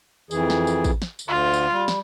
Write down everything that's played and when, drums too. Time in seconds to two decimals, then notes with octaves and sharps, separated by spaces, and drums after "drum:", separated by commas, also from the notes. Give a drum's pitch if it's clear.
0.31 F2 E3 G#4, drum: tambourine
0.50 drum: snare
0.67 drum: tambourine
0.84 drum: kick, tambourine
1.02 drum: snare
1.19 drum: tambourine
1.28 D2 D3 F4
1.53 drum: tambourine
1.71 G3
1.88 drum: snare